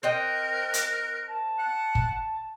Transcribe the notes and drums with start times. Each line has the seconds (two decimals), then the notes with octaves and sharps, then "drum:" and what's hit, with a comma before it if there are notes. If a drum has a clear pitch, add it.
0.03 C4 A#4 D#5 G5 F#6
0.74 drum: hi-hat
1.28 A5
1.59 F#5
1.95 drum: kick G1